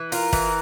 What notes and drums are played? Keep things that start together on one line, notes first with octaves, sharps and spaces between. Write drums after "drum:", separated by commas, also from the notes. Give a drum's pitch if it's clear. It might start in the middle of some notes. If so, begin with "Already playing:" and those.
Already playing: E3
F4 A#4, drum: open hi-hat
E3, drum: kick, open hi-hat